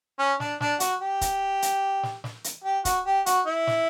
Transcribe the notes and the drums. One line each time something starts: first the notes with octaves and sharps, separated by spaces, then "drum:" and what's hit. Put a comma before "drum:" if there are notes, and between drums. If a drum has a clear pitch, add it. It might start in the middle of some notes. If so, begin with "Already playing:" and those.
C#4
D4, drum: snare
D4, drum: snare
F#4, drum: hi-hat
G4
drum: kick, hi-hat
drum: hi-hat
drum: snare
drum: snare
drum: hi-hat
G4
F#4, drum: kick, hi-hat
G4
F#4, drum: hi-hat
E4
drum: snare